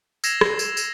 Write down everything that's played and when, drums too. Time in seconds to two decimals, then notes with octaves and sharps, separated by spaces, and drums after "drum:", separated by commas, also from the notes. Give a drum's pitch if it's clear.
0.24 E6 G#6 A#6 C7 E7 F7, drum: tambourine
0.41 drum: rim click
0.59 drum: tambourine
0.77 drum: tambourine